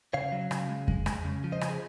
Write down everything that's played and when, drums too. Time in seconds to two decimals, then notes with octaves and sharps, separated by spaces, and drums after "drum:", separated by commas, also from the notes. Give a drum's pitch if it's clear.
0.14 C#3 C#5 F5
0.32 F#3
0.51 C#3, drum: rim click
0.69 G#3
0.88 G#3, drum: kick F2
1.06 G#3, drum: rim click
1.25 C#3
1.44 F3
1.52 C5 D#5
1.61 C#3, drum: rim click
1.70 G#4